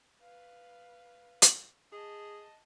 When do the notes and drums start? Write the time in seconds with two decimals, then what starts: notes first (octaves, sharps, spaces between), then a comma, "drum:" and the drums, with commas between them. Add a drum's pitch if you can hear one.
0.21 B4 F5
1.42 drum: hi-hat
1.92 G#4 D#5 A5